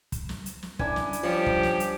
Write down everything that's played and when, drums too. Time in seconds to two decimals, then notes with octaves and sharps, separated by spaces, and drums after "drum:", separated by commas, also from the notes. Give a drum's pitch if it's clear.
0.12 drum: kick, hi-hat
0.29 drum: snare
0.46 drum: hi-hat
0.63 drum: snare
0.79 D4 E4 G#5, drum: kick
0.96 drum: snare
1.13 drum: hi-hat
1.23 F3 G3 G4 C#5
1.46 drum: kick
1.63 drum: snare
1.80 drum: hi-hat